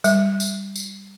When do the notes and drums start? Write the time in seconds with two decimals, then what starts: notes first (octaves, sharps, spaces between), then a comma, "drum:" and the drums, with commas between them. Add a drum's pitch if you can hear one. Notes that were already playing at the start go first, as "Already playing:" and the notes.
0.04 G3, drum: tambourine
0.40 drum: tambourine
0.76 drum: tambourine